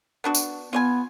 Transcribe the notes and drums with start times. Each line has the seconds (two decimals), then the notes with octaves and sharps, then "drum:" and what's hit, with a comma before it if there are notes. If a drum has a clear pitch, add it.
0.24 B3 D4 F#4
0.35 drum: tambourine
0.73 B3 F4 C#5 G#5